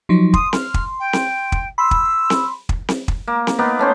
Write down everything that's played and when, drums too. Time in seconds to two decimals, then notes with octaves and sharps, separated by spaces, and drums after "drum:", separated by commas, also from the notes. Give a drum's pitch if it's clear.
0.09 F3 F#3 D#4
0.34 C6 D#6, drum: kick
0.53 F6, drum: snare C4
0.74 drum: kick
0.99 G5
1.13 drum: snare C4
1.52 drum: kick
1.78 B5 C6 E6
1.91 drum: kick
2.30 drum: snare C4
2.69 drum: kick
2.89 drum: snare C4
3.08 drum: kick
3.27 A#3
3.47 drum: snare C4
3.59 A#3 B3 D#4
3.79 A3 C#4 C5